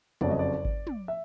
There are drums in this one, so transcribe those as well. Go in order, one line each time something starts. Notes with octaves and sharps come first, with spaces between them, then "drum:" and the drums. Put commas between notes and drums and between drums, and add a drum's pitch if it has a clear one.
F#1 F2 C#3 F#3 D5, drum: tom
D#5
D5
drum: kick G#1
drum: tom
E5